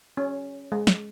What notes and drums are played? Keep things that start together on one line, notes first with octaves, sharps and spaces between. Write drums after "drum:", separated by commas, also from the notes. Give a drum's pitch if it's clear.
C#4
G#3
drum: snare